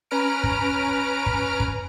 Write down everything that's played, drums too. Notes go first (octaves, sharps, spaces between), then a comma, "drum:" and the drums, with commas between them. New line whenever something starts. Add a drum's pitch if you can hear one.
C#4 B4 A#5 F6 D7
drum: kick
drum: kick
drum: kick